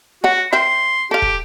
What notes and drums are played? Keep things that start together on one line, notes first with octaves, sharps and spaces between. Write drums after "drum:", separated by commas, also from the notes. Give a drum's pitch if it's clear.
F#4 C#5 F#5
C4 A#4 E5 C6
G4 A4 F5
drum: kick